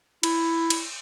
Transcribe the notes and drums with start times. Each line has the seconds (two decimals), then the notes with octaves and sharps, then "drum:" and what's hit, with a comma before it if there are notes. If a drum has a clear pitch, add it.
0.23 E4, drum: cymbal
0.70 drum: cymbal